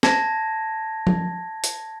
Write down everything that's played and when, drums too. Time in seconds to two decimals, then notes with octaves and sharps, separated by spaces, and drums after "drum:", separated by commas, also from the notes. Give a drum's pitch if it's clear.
0.03 A5 G#6 A#6, drum: snare
1.07 drum: tom F3
1.64 drum: hi-hat